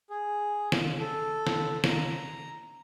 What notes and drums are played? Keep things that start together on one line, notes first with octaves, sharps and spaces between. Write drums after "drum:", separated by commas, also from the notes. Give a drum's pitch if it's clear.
G#4
drum: snare
A4
drum: snare
A#5, drum: snare